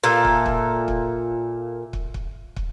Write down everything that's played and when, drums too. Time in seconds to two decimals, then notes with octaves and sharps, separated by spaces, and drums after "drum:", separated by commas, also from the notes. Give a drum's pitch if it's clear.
0.04 A#2 F4 A4 E5
0.25 drum: kick
0.46 drum: kick
0.88 drum: kick
1.93 drum: kick
2.14 drum: kick
2.56 drum: kick